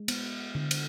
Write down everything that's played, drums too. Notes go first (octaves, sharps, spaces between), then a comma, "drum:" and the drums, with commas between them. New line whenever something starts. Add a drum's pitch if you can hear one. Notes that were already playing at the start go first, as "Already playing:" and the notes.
Already playing: G#3
B3, drum: cymbal
D3
drum: cymbal